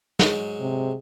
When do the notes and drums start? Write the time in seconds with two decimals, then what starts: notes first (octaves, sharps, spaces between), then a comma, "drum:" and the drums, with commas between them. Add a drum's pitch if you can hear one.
0.19 G#2 F#3 G#3, drum: snare
0.60 C3